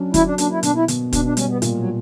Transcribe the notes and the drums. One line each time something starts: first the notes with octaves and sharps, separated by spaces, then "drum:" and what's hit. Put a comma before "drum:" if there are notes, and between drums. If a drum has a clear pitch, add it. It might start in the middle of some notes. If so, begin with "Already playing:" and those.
Already playing: F#3 C#4 D4
F#3 E4, drum: kick, hi-hat
D4
A#3 D4, drum: hi-hat
E4
B2 D4, drum: hi-hat
E4
B2, drum: hi-hat
B2 D4, drum: kick, hi-hat
D4
G3 C#4, drum: hi-hat
B3
A#2, drum: hi-hat
F#3